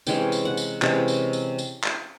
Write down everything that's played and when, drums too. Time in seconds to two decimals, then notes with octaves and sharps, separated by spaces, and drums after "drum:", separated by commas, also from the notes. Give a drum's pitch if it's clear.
0.07 C3 E3 G#3 C#4 G5, drum: tambourine
0.32 drum: tambourine
0.45 F#5
0.57 drum: tambourine
0.82 C3 E3 G#3 C#4, drum: clap
1.08 drum: tambourine
1.33 drum: tambourine
1.58 drum: tambourine
1.84 drum: clap